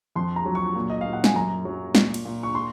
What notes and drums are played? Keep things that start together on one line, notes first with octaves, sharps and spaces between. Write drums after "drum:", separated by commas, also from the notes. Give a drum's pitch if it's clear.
F2 C6
A#5
F#3
C#6
A#2
D#5
A#2 F5
F#5
G#5, drum: snare
F#2 A#5
F#3
A#2, drum: snare
drum: cymbal
A#2
C#6
C6